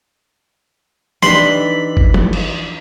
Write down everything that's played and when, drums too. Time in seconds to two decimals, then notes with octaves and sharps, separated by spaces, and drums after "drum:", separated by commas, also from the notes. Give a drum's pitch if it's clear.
1.22 D3 E3 D4 D#4 G4 B5 C6, drum: snare
1.97 drum: kick F#1
2.14 drum: tom
2.33 drum: cymbal